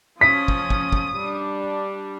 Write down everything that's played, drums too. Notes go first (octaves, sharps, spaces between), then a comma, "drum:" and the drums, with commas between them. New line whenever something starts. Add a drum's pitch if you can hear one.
F3 C#4 D#6 B6
drum: kick
drum: kick
drum: kick
G3 D4